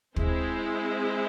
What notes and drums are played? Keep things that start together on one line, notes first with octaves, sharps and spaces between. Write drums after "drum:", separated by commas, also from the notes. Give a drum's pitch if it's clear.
G#3 C4 E4 G#4 C5, drum: kick